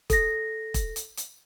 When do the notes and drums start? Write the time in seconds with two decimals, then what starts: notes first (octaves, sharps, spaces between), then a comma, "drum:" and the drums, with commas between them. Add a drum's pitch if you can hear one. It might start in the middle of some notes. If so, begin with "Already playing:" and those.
0.10 A4 A#6, drum: kick E1, hi-hat
0.74 drum: kick E1, hi-hat
0.96 drum: hi-hat
1.17 drum: hi-hat